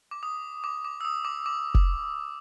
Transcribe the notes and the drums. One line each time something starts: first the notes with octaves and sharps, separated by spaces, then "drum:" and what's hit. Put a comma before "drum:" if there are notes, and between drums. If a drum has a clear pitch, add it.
D6
D#6
D6
D6
E6
D#6
D6
D6
drum: kick F1